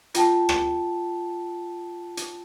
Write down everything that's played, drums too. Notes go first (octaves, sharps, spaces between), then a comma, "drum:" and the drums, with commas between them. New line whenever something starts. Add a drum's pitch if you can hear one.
F4 G5 A5, drum: hi-hat
drum: rim click
drum: hi-hat